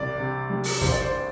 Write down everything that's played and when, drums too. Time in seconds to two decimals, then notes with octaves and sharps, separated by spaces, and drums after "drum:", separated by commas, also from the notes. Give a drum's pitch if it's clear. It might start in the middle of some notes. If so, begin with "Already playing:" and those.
Already playing: C2 D5
0.18 C3
0.50 G3
0.64 drum: open hi-hat
0.81 C2 C5, drum: kick
0.92 D5
1.02 C5